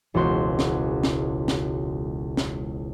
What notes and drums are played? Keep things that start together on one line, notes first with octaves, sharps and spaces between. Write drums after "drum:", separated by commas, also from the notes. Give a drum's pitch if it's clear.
E1 C#2 F#4 C6 G6
drum: snare
drum: snare
drum: snare
drum: snare